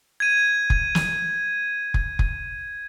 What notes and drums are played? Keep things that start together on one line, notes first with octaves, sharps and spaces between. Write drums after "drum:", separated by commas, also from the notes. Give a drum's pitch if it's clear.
G#6 D#7
drum: kick F1
drum: snare
drum: kick F1
drum: kick F1